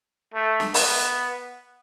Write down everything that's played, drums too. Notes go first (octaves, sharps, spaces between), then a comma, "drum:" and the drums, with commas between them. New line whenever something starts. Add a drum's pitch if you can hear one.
A3
drum: snare
B3, drum: open hi-hat